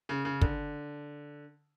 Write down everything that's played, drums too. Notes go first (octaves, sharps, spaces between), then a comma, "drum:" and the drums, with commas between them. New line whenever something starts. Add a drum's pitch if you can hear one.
C#3
C#3
D3, drum: kick